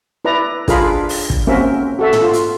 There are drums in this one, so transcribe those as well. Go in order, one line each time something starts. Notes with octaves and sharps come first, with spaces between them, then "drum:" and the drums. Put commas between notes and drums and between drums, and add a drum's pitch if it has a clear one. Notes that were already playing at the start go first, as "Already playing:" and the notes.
E4 B4 D5 A#5
D4 F4 G#4 A#4 F5 B5, drum: kick, hi-hat
drum: open hi-hat
drum: kick
A#3 C4 C#4 F#4 A#4 E5
F#4 A4 E5
drum: tom
F4
drum: hi-hat